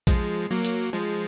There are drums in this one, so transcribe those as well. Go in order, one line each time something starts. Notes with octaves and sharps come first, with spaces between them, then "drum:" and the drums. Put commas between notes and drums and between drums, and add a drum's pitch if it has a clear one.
F3 G#3, drum: kick A#1, hi-hat
F#3 A#3
drum: hi-hat
F3 G#3